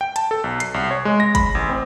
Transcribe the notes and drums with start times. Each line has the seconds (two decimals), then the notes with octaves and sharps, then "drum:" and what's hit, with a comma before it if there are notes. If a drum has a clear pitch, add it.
0.01 G5
0.16 A5, drum: hi-hat
0.31 A4
0.44 B1
0.60 C7, drum: hi-hat
0.74 C2
0.91 C#5
1.05 G#3
1.20 A#6
1.35 B5, drum: kick, hi-hat
1.55 A1
1.69 C4